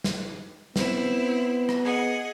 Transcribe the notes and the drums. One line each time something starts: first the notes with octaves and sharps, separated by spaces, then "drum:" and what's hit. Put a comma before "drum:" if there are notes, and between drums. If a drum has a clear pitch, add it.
drum: snare
B3 C4 E4, drum: snare
drum: rim click
G#4 D#5 F#5